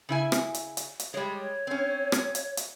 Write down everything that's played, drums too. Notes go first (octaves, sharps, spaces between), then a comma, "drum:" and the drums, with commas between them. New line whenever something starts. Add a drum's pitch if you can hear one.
C#3 E4 G#5
drum: rim click
drum: hi-hat
drum: hi-hat
drum: hi-hat
G3 G#3 C#5
C4 C#4
drum: rim click
drum: hi-hat
drum: hi-hat